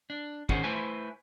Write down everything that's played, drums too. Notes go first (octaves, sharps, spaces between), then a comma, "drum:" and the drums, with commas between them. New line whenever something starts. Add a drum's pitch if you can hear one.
D4
G#2 D#3 C#4 G#4 C5 F#5, drum: kick
A3 E4 B4 C5 E5 G#5